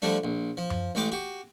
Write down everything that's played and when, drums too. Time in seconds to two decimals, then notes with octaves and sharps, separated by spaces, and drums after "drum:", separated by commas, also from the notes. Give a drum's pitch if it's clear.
0.02 D3 F3 G3 A3 D4
0.24 A#1
0.57 F3
0.70 drum: tom F#2
0.95 A1 G#3 A3 G5 D6
1.12 F#4 G4